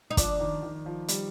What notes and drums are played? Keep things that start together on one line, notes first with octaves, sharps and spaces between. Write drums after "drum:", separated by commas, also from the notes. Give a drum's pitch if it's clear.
D#4
F3 D4, drum: kick, hi-hat
D#3
D#3
F3
G3, drum: hi-hat